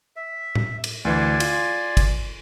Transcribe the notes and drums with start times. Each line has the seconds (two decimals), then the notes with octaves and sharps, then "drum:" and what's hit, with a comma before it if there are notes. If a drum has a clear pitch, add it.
0.16 E5
0.55 drum: tom A2
0.84 drum: cymbal
1.05 D2 E3 D5 G#5 C6
1.40 F4, drum: cymbal
1.97 drum: kick, cymbal